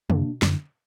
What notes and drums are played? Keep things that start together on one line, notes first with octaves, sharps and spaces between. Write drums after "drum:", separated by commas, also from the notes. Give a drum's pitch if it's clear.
F#2 D3 A#3 D4, drum: tom
F#2 D3, drum: snare